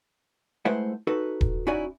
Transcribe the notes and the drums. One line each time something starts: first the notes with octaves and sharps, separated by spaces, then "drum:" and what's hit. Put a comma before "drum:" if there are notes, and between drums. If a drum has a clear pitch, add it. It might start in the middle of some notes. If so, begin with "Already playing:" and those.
G#3 A3 E4 B4 C5 F#5
D#4 F#4 A4 B4
drum: kick D#1
C#4 D#4 E4 F#4 D5 G#5